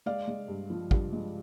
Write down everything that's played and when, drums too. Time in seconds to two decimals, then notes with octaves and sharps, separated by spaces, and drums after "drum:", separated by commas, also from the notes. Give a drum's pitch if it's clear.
0.06 G#3 D5 F5
0.28 G#3
0.48 G2
0.70 F3
0.91 G2, drum: kick
1.13 G#3